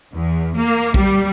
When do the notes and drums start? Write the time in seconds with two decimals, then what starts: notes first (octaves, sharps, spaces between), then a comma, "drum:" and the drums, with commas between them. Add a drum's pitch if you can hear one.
0.13 E2
0.55 A#3
0.94 G3, drum: kick